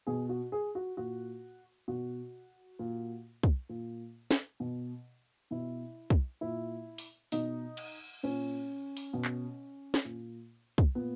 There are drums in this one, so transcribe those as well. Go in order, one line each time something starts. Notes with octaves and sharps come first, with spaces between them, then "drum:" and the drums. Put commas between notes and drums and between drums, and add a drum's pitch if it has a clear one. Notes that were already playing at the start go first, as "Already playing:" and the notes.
B2 G#4
F#4
G#4
F#4
A#2 F#4
B2 F#4
A#2
drum: kick
A#2
drum: snare
B2
B2 E4
drum: kick
A#2 E4
drum: open hi-hat
B2 D#4, drum: open hi-hat
drum: cymbal
A#2 C#4
drum: open hi-hat
B2
drum: clap
drum: snare
A#2
drum: kick
A#2 B3